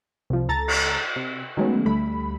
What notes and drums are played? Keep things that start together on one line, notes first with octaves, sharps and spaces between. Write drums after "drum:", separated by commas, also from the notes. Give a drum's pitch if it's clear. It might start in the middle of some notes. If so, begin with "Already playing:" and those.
C2 F3
C#2 A4 A#5 A6
drum: cymbal
C3
D#3 F#3 G#3 A3 B3 C#4
D2 G3 A3 B5